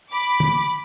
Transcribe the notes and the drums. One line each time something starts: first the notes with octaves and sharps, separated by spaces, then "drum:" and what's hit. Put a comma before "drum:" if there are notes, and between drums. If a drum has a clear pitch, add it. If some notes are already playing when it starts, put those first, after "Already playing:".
B5 D6
drum: tom